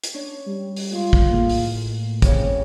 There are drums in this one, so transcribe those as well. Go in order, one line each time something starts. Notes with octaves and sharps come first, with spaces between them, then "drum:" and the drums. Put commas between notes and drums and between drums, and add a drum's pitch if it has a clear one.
drum: hi-hat
C#4 D4
G3
drum: open hi-hat
G#3 F4 C6
drum: kick
A2 A#3 G#4
drum: open hi-hat
F2 C#3 G3 C#5, drum: kick, hi-hat